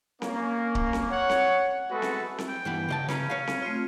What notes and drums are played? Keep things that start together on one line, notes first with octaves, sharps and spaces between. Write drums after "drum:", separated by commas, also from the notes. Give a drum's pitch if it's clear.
A#3 C#4, drum: snare C4
drum: kick C#1
drum: snare C4
C#5 F#5
drum: snare C4
G#3 A3 B3 F#4 A4 B4
drum: snare C4
drum: snare C4
G5
G2 E3 B3
C#3 D#5 A5
C#3 C#4 B4 A#5, drum: snare C4
C#5 F5
drum: snare C4
A3 C4 F4